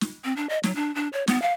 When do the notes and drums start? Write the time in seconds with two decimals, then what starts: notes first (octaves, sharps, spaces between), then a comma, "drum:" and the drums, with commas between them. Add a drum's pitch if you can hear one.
0.01 drum: snare
0.24 C4
0.37 D4
0.49 D#5
0.63 F#3, drum: snare
0.75 D4
0.95 D4
1.13 C#5
1.27 B3, drum: snare
1.42 F5